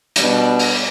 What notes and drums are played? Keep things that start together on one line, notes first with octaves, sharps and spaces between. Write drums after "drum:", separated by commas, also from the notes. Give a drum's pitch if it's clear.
B2 G3 D4, drum: hi-hat
drum: open hi-hat